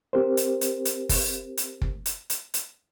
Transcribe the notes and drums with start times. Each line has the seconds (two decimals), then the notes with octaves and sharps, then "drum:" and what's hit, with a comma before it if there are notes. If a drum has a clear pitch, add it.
0.13 C4 G4 A#4 C5
0.37 drum: hi-hat
0.61 drum: hi-hat
0.85 drum: hi-hat
1.09 drum: kick, open hi-hat
1.57 drum: hi-hat
1.82 drum: kick
2.06 drum: hi-hat
2.30 drum: hi-hat
2.54 drum: hi-hat